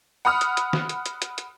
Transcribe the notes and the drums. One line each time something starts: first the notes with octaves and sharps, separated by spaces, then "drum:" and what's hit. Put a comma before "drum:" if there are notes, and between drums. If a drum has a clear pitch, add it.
F#5 B5 D#6 F6
drum: hi-hat
drum: hi-hat
drum: snare
drum: hi-hat
drum: hi-hat
drum: hi-hat
drum: hi-hat